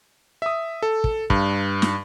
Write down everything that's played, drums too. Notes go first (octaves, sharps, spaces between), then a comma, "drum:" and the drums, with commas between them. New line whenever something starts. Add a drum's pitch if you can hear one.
E5 D#6
A4
drum: kick
G2, drum: kick
drum: snare